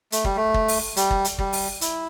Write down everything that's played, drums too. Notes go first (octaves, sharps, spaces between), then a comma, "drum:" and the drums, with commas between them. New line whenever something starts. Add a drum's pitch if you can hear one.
A3, drum: hi-hat
G3, drum: kick
A3
drum: kick
drum: open hi-hat
G3, drum: hi-hat
drum: kick
drum: hi-hat
G3, drum: kick
drum: open hi-hat
E4, drum: hi-hat